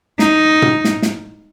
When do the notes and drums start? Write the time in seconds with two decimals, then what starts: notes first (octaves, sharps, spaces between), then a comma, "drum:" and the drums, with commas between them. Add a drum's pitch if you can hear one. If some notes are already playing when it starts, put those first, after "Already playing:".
0.19 D#4, drum: snare
0.62 drum: tom
0.85 drum: snare
1.02 drum: snare